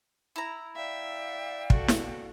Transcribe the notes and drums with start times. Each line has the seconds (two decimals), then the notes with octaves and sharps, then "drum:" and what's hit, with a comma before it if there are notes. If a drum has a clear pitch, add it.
0.36 E4 A#5
0.76 D5 E5 F5 G5
1.70 F#4 A4, drum: kick
1.88 drum: snare